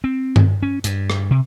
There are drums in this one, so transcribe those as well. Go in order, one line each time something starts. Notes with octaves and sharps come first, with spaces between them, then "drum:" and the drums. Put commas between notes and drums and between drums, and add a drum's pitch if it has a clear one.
C4
drum: tom G2
C#4
G2, drum: hi-hat
drum: rim click
C3